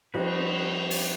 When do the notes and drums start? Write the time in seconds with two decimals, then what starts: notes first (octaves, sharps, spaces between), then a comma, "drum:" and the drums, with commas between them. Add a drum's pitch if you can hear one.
0.14 F3 G3 C4 D#4 F#4 B4, drum: cymbal
0.91 drum: open hi-hat